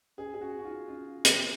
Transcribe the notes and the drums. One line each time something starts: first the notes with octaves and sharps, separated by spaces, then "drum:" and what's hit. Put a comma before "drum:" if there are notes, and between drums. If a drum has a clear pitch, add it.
C#4 G#4
G#4
C#4 F#4
F#4
D#4 F4
C#4 F4
drum: hi-hat